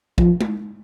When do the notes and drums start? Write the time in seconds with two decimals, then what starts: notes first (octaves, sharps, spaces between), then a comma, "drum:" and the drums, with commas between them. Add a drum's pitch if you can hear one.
0.18 F3, drum: kick
0.41 drum: tom G#3